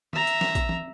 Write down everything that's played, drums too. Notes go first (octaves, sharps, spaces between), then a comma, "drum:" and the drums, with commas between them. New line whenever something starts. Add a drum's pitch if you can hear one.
E5 A#5, drum: tom D#3
drum: hi-hat
drum: snare
drum: kick, hi-hat
drum: tom E3